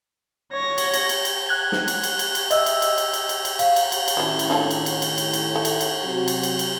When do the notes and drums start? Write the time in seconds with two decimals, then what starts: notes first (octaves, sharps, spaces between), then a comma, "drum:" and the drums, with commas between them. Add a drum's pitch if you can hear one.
0.53 C#5 A#6
0.78 drum: cymbal
0.93 drum: cymbal
1.09 drum: cymbal
1.25 drum: cymbal
1.49 F#6 G#6
1.72 drum: snare
1.88 drum: cymbal
2.03 drum: cymbal
2.19 drum: cymbal
2.35 drum: cymbal
2.51 D#5 E5 E6, drum: cymbal
2.66 drum: cymbal
2.82 drum: cymbal
2.98 drum: cymbal
3.13 drum: cymbal
3.29 drum: cymbal
3.45 drum: cymbal
3.59 F5, drum: cymbal
3.76 drum: cymbal
3.92 drum: cymbal
4.08 drum: cymbal
4.17 A2 D#3 F#3 C#4 E4
4.39 drum: cymbal
4.50 D4 F4 A4
4.71 drum: cymbal
4.86 drum: cymbal
5.02 drum: cymbal
5.18 drum: cymbal
5.33 drum: cymbal
5.56 A3
5.65 drum: cymbal
5.81 drum: cymbal
6.04 C3 F#3 F#4
6.28 drum: cymbal
6.43 drum: cymbal
6.59 drum: cymbal